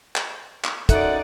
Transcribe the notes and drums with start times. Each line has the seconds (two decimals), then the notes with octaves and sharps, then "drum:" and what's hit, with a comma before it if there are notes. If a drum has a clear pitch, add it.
0.16 drum: clap
0.65 drum: clap
0.89 F#2 D#4 A4 D5 E5 F#5, drum: kick, hi-hat